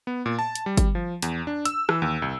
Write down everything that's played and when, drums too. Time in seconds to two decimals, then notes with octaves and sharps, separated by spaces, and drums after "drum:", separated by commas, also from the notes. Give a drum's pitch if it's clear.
0.07 B3
0.26 A#2
0.39 A5
0.55 drum: hi-hat
0.66 G3
0.77 drum: kick G1, hi-hat
0.95 F3
1.22 E2, drum: hi-hat
1.47 D4
1.65 E6, drum: hi-hat
1.89 E3, drum: rim click
2.02 D#2
2.22 C2